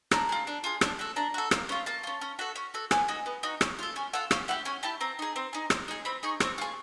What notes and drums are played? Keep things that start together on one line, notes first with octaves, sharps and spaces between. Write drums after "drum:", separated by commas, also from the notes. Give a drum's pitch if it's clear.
D4 A#5, drum: rim click
F4 G#4
D4
F4 G#4
D4, drum: rim click
F#4 A4
D4 A#5
F#4 A4
A#3, drum: rim click
C#4 F4
A#3 A5
C#4 F4
C#4
F#4 A4
C#4
F#4 A4
B3 G#5, drum: rim click
D#4 F#4
B3
D#4 F#4
C#4, drum: rim click
F4 A4
C#4 G#5
F4 A4 F#5
C#4 F5, drum: rim click
E4 G4 F#5
C#4 G#5
E4 G4 A5
C4 A#5
D#4 G#4
C4
D#4 G#4
C4, drum: rim click
D#4 G#4
C4 B5
D#4 G#4 C#6
C4 C#6, drum: rim click
F4 G#4